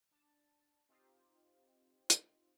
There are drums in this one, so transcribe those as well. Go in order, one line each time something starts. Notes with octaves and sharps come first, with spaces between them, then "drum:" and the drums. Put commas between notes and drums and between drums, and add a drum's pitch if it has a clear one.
D4 A5
C4 D#4 F4 G4 C5
drum: hi-hat